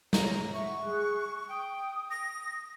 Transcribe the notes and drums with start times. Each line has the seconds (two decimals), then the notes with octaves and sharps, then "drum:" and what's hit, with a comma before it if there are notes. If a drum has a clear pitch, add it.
0.13 C#5 A#5, drum: snare
0.54 E5 F#5 C#6
0.83 G#4 F#6
1.49 G5 D#6
2.11 A#6